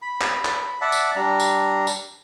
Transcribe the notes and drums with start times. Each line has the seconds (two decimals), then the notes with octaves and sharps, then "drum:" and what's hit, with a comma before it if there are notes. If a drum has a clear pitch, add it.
0.02 B5
0.21 drum: clap
0.45 drum: clap
0.81 D5 E5 F#5 A5
0.92 drum: tambourine
1.16 G3 D4 A#5
1.40 drum: tambourine
1.87 drum: tambourine